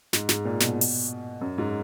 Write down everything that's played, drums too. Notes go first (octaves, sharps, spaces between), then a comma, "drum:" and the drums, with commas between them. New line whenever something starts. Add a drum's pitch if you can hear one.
G#2, drum: snare
G#2, drum: snare
A#2
B2, drum: snare
drum: open hi-hat
F#2
G#2